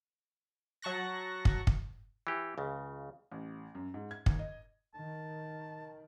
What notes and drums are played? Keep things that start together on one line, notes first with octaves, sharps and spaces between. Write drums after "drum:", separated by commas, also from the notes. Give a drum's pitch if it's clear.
F#3 A5 C#6 F#6 A#6
drum: kick
drum: kick
E3 G4
C#2 C#3
A1
F#2
G#2
G#6
D#2, drum: kick
D#5
D#3 A5